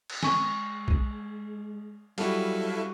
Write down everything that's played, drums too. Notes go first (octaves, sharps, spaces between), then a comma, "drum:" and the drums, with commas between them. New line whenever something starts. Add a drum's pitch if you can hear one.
drum: cymbal
G#3 G#5 C#6, drum: snare
drum: kick A#1
F#3 G3 E4 F#4 A4 F5, drum: cymbal